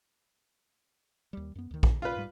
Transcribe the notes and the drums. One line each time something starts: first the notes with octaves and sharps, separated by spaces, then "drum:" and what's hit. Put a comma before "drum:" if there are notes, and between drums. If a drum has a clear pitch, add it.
D#2 G3
F#2 B3
D2 D#3
A#2, drum: kick A#1
F4 B4
G#2 G3